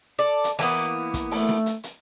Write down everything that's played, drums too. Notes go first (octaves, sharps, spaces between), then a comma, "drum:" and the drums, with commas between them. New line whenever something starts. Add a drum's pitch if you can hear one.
A4 D5
drum: hi-hat
E3 A#3 B3, drum: open hi-hat
drum: kick, hi-hat
A3, drum: open hi-hat
drum: snare
drum: hi-hat
drum: hi-hat